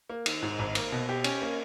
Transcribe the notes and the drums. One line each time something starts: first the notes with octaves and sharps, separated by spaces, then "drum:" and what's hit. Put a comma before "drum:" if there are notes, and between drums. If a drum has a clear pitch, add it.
A#3
D#3, drum: cymbal
G#2
G#1
A#3, drum: cymbal
B2
G4
C#4, drum: cymbal
A#3